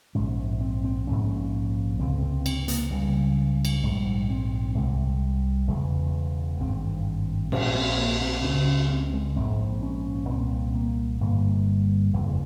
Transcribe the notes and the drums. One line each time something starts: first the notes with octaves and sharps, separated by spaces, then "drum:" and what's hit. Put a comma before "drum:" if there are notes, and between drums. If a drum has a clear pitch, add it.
A#1 G#2 C#4
C4
C4
A#1 G#2 C#4
C#2 C3 C4
C4
C4, drum: cymbal
A#3, drum: hi-hat
C#2 C#3 G3
drum: cymbal
A#1 G#2 G3
C4
C2 C3 G#3
E1 E2 C#3 G#3
G#1 G2 C4
A#1 A#2 C#4, drum: cymbal
C4
A#3
C4
C#2 C#3 C#4
C#4
C4
G#3
A#1 G#2 C4
C#4
C2 A#2 C4
A#3
G1 G2 A#3
F1 E2 C#3